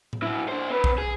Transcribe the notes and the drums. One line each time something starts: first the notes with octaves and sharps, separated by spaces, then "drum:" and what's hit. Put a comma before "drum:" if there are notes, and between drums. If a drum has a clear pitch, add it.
drum: tom A2
F#3 E4
D4 C5
C4 B4
drum: kick B1
G#4